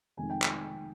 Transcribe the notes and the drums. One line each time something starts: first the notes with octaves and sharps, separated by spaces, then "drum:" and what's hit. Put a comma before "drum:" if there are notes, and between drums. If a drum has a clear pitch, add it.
F1 F2 D#3 G#3 G#5
G5
G#5, drum: clap